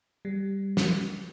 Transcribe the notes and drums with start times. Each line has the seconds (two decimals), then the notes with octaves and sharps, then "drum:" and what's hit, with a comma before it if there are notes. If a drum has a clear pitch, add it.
0.25 G3
0.77 drum: snare